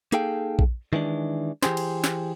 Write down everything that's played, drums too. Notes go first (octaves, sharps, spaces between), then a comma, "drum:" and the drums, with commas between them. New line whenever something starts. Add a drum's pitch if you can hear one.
A#3 D#4 G#4 A4 F5 G5, drum: hi-hat
drum: kick A#1
D#3 E3 G#3 D4
E3 G4 G#4 C5, drum: snare
drum: cymbal
drum: snare